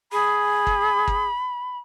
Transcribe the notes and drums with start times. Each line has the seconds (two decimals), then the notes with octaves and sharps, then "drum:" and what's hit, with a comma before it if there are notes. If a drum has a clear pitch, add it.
0.12 G#4 B5
0.67 drum: kick
1.08 drum: kick